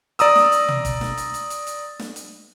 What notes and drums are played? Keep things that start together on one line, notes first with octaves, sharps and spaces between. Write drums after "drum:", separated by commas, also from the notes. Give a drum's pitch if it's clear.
D5 A#5 D#6 E6, drum: hi-hat
drum: snare
drum: hi-hat
drum: tom
drum: kick, hi-hat
drum: snare
drum: hi-hat
drum: hi-hat
drum: hi-hat
drum: hi-hat
drum: snare
drum: hi-hat